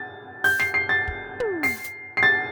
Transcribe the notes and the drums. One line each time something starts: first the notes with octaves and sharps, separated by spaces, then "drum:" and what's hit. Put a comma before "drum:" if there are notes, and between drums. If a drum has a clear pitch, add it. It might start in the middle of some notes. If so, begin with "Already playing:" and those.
Already playing: A6
G6, drum: open hi-hat
C7, drum: snare
C7
A6
drum: kick
drum: tom
C7, drum: open hi-hat
drum: hi-hat
C7
A6